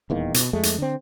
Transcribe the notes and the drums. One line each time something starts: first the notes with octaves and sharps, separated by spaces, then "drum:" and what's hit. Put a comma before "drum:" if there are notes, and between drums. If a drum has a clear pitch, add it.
D#1 E2 D#3 A#3
B2, drum: hi-hat
F2 G#3 A3
drum: hi-hat
D3 C4